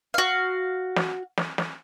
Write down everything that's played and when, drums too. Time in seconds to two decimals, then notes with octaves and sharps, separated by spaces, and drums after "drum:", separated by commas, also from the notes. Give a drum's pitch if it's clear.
0.14 F#4 F5
0.96 drum: snare
1.38 drum: snare
1.58 drum: snare